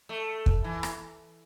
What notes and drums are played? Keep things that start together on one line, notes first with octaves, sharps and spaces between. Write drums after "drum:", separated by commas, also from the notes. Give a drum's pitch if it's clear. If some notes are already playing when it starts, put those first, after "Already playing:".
A3
drum: kick
E3
drum: rim click